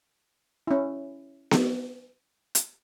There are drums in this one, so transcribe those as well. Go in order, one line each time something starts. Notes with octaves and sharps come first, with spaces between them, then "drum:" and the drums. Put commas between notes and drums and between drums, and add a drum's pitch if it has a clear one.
C#4 E4
drum: snare B3
drum: hi-hat